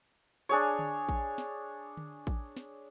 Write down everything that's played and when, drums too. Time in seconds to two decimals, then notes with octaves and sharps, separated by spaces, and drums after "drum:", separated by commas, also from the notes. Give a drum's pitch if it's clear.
0.49 D4 G#4 C#5
0.79 drum: tom D3
1.09 drum: kick A1
1.38 drum: snare
1.97 drum: tom D3
2.27 drum: kick A1
2.57 drum: snare